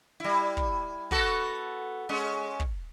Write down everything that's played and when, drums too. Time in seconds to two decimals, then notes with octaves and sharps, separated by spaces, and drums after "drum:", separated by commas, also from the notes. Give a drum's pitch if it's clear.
0.20 G3 E4
0.57 drum: kick
1.11 B3 F#4 A4, drum: kick
2.09 G#3 C#4
2.60 drum: kick